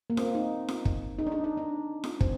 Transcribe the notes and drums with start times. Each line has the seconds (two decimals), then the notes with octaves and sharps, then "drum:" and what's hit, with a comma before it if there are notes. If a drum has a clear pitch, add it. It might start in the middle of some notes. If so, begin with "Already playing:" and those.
0.10 A#3
0.17 C4, drum: snare F4
0.35 D#4
0.68 drum: snare F4
0.85 drum: kick
1.19 D#4
1.27 D4
1.32 D#4
1.44 D#4
1.57 D4
2.04 drum: snare F4
2.20 C4, drum: kick